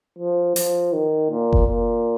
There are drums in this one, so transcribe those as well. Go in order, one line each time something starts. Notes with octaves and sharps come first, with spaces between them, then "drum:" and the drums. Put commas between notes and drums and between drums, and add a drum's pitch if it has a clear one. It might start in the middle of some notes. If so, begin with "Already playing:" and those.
F3
F3, drum: open hi-hat
D#3
A#2
drum: kick F#1
A#2